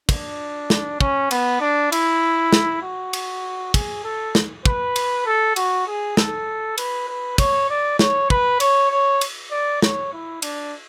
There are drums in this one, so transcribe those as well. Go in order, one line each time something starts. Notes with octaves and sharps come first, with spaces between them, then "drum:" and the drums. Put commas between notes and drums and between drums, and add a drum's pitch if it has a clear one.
D4, drum: kick, cymbal
drum: snare
C#4, drum: kick
B3, drum: cymbal
D4
E4, drum: cymbal
drum: snare
F#4
drum: cymbal
G#4, drum: kick, cymbal
A4
drum: snare
B4, drum: kick
drum: cymbal
A4
F#4, drum: cymbal
G#4
A4, drum: snare
B4, drum: cymbal
B4
C#5, drum: kick, cymbal
D5
C#5, drum: snare
B4, drum: kick
C#5, drum: cymbal
C#5
drum: cymbal
D5
C#5, drum: snare
E4
D4, drum: cymbal